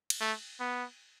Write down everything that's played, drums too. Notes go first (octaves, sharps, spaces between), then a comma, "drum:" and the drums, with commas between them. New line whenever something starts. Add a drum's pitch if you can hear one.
drum: cymbal
A3
B3